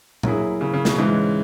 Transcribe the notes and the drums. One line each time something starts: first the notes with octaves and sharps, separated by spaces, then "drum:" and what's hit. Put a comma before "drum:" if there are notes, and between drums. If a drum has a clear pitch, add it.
F#3 A#3 E4 G#4, drum: tom A#2
C#3
C#3
B2, drum: snare
G#2 C#3 E3 G#3 C#4